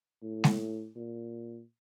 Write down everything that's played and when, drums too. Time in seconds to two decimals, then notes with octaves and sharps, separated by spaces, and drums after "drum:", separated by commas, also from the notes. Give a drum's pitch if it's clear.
0.22 A2
0.44 drum: snare G#3
0.96 A#2